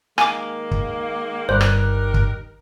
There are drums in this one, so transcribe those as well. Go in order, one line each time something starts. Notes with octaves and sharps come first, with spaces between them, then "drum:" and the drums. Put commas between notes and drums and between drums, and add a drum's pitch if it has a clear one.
D#3 G#3 A#3 G#5 D6, drum: rim click
drum: kick
G1 G2 D#4 G4 A#4 C5 F#6
drum: rim click
drum: kick